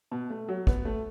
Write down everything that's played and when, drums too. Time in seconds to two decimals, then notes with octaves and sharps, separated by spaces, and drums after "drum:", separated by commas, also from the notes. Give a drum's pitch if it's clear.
0.11 B2
0.30 A3
0.48 F#3
0.67 B3, drum: kick
0.85 A3